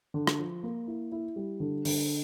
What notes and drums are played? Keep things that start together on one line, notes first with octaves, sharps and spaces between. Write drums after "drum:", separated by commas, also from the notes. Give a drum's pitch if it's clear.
D3
drum: rim click
F3
A#3
E4
E4
G3
D3
D3, drum: open hi-hat